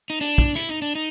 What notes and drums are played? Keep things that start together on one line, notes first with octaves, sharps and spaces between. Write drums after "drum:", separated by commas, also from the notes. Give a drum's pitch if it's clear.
D#4
D4, drum: hi-hat
drum: kick
E4, drum: hi-hat
D#4
D4
D#4